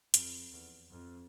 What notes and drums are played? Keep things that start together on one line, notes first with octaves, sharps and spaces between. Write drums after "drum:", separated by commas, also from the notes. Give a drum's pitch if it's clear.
F2, drum: hi-hat
E2
F2